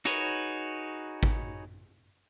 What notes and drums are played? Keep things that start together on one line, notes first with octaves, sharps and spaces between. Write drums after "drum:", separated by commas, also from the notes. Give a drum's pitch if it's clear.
D#4 F#4 G#4 B4 C#5, drum: hi-hat
drum: kick G#1